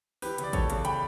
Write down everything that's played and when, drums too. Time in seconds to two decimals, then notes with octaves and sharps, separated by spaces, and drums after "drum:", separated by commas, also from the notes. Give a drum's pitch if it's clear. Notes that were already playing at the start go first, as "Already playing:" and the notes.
0.22 E3 G4 B4, drum: open hi-hat
0.38 C#3, drum: hi-hat
0.44 D5
0.53 E2 A4 C#5, drum: kick, hi-hat
0.70 C#3, drum: hi-hat
0.85 G5 B5, drum: hi-hat